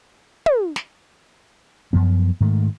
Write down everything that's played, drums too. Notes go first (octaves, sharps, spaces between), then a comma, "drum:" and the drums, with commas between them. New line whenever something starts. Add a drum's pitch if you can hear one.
drum: tom
drum: snare
F#2 F3 B3
G#2 D#3 A3